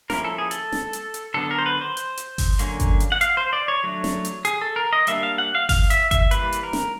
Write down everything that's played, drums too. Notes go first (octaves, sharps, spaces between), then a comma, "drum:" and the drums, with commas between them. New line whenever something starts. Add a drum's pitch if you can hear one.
F3 A#3 C#4 E4 A#4, drum: snare
A4
G#4
A4, drum: hi-hat
drum: snare
drum: hi-hat
drum: hi-hat
D3 F#3 B3 D4 A4
A#4
C5
B4
C5
drum: hi-hat
drum: hi-hat
drum: kick G1, open hi-hat
D3 F#3 A#3 C#4, drum: hi-hat
drum: kick G1, hi-hat
drum: hi-hat
F#5
F5, drum: hi-hat
C5
D5
C#5
F#3 A3 D4
drum: snare
drum: hi-hat
G#4, drum: hi-hat
A4
A#4
D#5
G3 A#3 D4 E5, drum: hi-hat
F5
F#5
F5
F5, drum: kick G1, open hi-hat
E5, drum: hi-hat
E5, drum: kick G1, hi-hat
E3 G3 A#3 B4, drum: hi-hat
drum: hi-hat
A#4
drum: snare